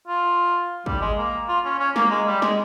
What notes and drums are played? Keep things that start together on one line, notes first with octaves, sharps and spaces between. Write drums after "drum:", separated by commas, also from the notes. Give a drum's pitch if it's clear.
F4
G3, drum: kick
G#3
A#3
F4
C#4
C#4
A#3, drum: snare
G#3
G3
G#3, drum: snare